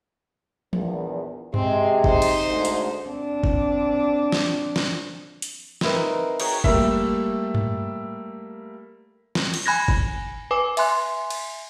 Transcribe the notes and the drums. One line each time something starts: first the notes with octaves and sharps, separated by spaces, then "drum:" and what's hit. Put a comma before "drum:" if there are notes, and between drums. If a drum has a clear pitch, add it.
A#1 E2, drum: tom E3
C3 G#3 C4, drum: tom G2
D#4 C5, drum: kick G1
drum: cymbal
D2 G#2
drum: hi-hat
C4 D4
drum: kick G1
drum: snare
drum: snare
drum: hi-hat
C4 D#4 E4 A#4 B4, drum: snare
F#4 G#4 C#5 G5 A#5, drum: cymbal
G3 A3 A#3 E5, drum: kick G1
drum: tom G2
drum: snare
drum: cymbal
G#5 B5 F#6 G#6 A#6
drum: kick G1
B4 G#5 D6
E5 G#5 C6 F#6, drum: cymbal
drum: cymbal